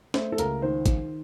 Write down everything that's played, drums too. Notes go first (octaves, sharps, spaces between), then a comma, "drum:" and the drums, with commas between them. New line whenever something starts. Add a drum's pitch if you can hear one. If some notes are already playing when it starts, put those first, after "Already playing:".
A3 C5, drum: snare
A4
C#2 A#4, drum: hi-hat
D#3 C5
D#3, drum: kick, hi-hat